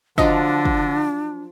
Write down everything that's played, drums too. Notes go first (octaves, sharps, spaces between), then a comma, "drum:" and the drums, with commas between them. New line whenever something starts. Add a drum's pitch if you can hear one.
D3 F3 F#3 D4 F4 D#5, drum: kick
drum: kick